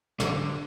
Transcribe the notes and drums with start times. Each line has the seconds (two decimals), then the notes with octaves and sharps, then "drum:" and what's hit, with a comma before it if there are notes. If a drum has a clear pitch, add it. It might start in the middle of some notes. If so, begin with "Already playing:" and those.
0.20 D3, drum: snare